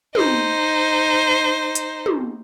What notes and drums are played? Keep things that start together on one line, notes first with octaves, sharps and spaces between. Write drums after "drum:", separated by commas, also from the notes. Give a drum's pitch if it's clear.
D#4 C5, drum: tom
drum: hi-hat
drum: tom